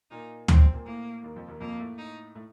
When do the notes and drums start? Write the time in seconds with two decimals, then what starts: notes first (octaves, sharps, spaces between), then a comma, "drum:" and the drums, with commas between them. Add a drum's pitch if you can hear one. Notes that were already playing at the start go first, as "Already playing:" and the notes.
0.11 A#2 A#3 D#4
0.48 C#3 C4 C#4, drum: tom D2
0.60 C3 C4
0.73 A#2 A#3
0.85 A2 A3 A#3
1.23 D#2 D#3
1.36 F2 F3
1.48 D#2 D#3
1.60 F2 F3 A#3
1.80 A2 A3
1.98 D#4
2.35 A2 A3